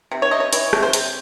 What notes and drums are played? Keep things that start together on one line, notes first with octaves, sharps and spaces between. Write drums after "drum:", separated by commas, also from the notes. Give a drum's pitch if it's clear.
C3
C#5
C3 D#5
C#5
E3 C#5, drum: hi-hat
C3, drum: rim click
C5
C3, drum: hi-hat